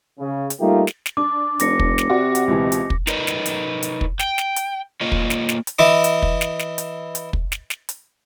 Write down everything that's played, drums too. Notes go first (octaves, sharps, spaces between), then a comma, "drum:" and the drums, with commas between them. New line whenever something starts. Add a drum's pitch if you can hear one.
C#3
drum: hi-hat
G3 A3 A#3 D#4 F4 G4
drum: snare
drum: snare
D4 D6
F1 D6 A#6 C#7, drum: hi-hat
drum: kick
drum: snare
C3 F#4 D5
drum: hi-hat
C#2 B2 E3
drum: hi-hat
drum: kick
D#4 A#4 B4 C#5 D#5, drum: snare
drum: snare
drum: hi-hat
drum: hi-hat
drum: kick
G5, drum: snare
drum: snare
drum: hi-hat
A#3 F4 C#5 D#5
drum: kick
drum: snare
drum: snare
drum: hi-hat
E3 E4 D#5 D6
drum: hi-hat
drum: kick
drum: snare
drum: snare
drum: hi-hat
drum: hi-hat
drum: kick
drum: snare
drum: snare
drum: hi-hat